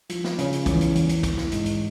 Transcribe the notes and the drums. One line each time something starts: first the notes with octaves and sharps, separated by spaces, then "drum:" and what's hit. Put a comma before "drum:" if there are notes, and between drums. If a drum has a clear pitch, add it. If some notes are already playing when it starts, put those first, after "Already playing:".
F3, drum: hi-hat
drum: snare
C#3, drum: hi-hat
drum: hi-hat
E2, drum: kick, hi-hat
drum: hi-hat
E2, drum: hi-hat
drum: hi-hat
E3, drum: kick, hi-hat
drum: snare
G#2, drum: hi-hat
drum: hi-hat